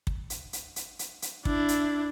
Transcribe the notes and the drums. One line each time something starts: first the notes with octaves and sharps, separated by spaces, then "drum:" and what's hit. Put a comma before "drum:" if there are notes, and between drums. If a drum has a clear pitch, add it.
drum: kick
drum: hi-hat
drum: hi-hat
drum: hi-hat
drum: hi-hat
drum: hi-hat
D4 E4, drum: kick
drum: hi-hat